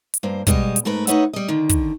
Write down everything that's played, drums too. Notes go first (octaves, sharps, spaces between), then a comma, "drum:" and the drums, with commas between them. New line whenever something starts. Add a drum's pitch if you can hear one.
drum: hi-hat
G2 A#3 C5
B2 G3 G#3 D#5, drum: kick, hi-hat
drum: hi-hat
G#2 A3 A#4 B4
D#4 B4 C#5 D#5 E5 F#5, drum: hi-hat
G3 D#5
D3 D#3
drum: kick, hi-hat